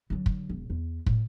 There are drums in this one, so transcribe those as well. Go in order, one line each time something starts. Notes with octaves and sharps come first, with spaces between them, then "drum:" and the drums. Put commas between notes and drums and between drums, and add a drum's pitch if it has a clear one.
D3 F#3
drum: kick
E1
E2
A2, drum: kick